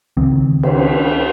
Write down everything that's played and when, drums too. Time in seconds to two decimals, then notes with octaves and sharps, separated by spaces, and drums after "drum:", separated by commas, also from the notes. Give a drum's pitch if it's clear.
0.17 C#2 D#3 C4
0.63 drum: cymbal